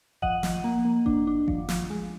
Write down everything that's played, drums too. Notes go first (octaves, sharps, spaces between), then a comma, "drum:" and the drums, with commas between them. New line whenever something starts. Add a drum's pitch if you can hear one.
F3 D#5 F#5, drum: kick G#1
F3, drum: snare
A#3
A#3
D4, drum: kick G#1
D4
F3, drum: kick G#1
F3, drum: snare
G#3